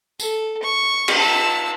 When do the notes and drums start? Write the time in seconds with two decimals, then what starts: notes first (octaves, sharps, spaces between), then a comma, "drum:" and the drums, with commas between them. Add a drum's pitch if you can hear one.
0.20 A4, drum: tambourine
0.63 C#6
1.08 drum: cymbal
1.17 A5 E6